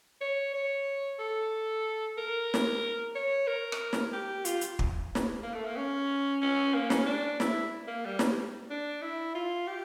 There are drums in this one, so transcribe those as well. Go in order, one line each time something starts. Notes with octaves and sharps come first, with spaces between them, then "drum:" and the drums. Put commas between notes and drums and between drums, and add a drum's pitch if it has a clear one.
C#5
C#5
A4
A#4
drum: snare
C#5
A#4
drum: rim click
drum: snare
G4
F4, drum: hi-hat
drum: hi-hat
drum: kick
drum: snare
A#3
A3
A#3
C#4
C#4
A#3
C#4, drum: snare
D4
E4, drum: snare
A#3
G3
drum: snare
D4
E4
F4
G4